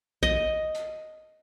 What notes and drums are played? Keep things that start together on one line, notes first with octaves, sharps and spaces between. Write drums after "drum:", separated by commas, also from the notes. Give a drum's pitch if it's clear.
D#5, drum: kick A#1
drum: hi-hat